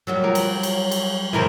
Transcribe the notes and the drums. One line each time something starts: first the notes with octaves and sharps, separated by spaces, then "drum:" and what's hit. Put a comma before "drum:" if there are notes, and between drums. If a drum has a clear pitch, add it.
F#3 G3 F#4
F3 A#4
drum: cymbal
drum: cymbal
drum: cymbal
F#2 A2 C#3 E3 A#4 C5